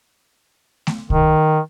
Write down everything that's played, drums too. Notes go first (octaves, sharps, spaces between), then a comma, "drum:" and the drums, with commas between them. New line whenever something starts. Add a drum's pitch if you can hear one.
drum: snare A3
D#3, drum: kick